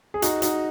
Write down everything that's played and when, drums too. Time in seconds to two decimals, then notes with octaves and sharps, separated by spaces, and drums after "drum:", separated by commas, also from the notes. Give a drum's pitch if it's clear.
0.14 G#4
0.22 D#4 F#4, drum: hi-hat
0.42 D#4 F#4, drum: hi-hat